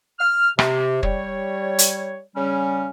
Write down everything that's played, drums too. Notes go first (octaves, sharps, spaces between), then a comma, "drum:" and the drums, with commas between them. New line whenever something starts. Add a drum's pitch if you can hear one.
F6
C3, drum: rim click
G3 C#5, drum: kick
drum: hi-hat
C#3 G3 C#4